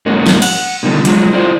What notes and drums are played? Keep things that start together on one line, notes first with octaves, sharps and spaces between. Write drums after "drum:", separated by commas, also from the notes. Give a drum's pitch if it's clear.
G#2 A#3 C#4 F#4
drum: snare
F#5, drum: cymbal
B2 D3 D#3 G3
F3 F#3 G#3 F#4, drum: hi-hat
E4 F4 C5 D5